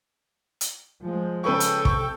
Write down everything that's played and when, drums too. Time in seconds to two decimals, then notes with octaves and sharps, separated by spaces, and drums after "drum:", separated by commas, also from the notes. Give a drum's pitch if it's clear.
0.61 drum: hi-hat
1.03 F3 G#3
1.44 C#3 A4 B4 G5 C#6
1.60 drum: hi-hat
1.85 C3 C#6, drum: kick